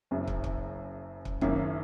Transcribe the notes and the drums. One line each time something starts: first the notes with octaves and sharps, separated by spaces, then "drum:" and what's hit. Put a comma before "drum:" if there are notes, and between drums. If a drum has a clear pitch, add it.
F#1 F#2 C#3
drum: kick
drum: kick
drum: kick
F#1 F#2 D#3 A#3 C#4, drum: kick